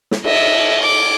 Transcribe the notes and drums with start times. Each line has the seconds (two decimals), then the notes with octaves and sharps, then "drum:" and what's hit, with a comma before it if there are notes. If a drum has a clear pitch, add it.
0.11 drum: snare
0.24 D#5 E5, drum: cymbal
0.82 D6